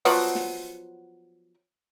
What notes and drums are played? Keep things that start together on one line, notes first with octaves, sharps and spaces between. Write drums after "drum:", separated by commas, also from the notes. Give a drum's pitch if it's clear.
F3 F#3 B3, drum: open hi-hat
drum: snare